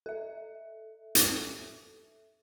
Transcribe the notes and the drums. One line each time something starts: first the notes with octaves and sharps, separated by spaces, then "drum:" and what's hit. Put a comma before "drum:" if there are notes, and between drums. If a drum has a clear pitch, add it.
A4 E5
drum: hi-hat